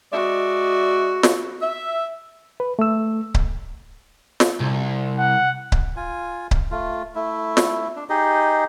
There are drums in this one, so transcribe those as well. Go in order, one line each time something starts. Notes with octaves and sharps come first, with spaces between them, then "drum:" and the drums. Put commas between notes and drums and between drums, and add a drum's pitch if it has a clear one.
G#3 F#4 D5 E5
drum: snare
E5
B4
A3 E6
drum: kick C#1
drum: snare
C2
F#5
drum: kick C#1
F4 G#5
drum: kick C#1
A3 F4
A3 E4
drum: snare
D4
D#4 G4 G#4 D#5